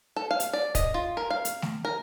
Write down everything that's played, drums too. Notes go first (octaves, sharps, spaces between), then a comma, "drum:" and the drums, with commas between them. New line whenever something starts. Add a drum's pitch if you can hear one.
A4
F5
drum: hi-hat
D5
D#5, drum: kick, hi-hat
F4
A#4
F5
drum: hi-hat
drum: snare A3
A#4